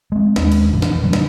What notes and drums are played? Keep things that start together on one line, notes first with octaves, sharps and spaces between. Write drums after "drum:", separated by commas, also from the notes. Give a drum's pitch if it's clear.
G#3 C4
D#2 G#3 C#4 D4, drum: snare
drum: cymbal
F2 A#2 E3 F3
drum: snare
D3 F#3 G3 A#3
drum: snare